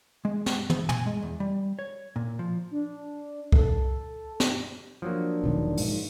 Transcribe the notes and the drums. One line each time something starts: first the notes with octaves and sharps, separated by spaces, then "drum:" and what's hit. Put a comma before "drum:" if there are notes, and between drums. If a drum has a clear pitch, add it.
G#3
drum: snare
B3, drum: tom
G#5, drum: tom
G#3
E2
G3
C#5
A#2
F3
D4
A4, drum: kick C2
drum: snare
F3 F#3 A#3 D4
E1 B1 D#3
G#2, drum: open hi-hat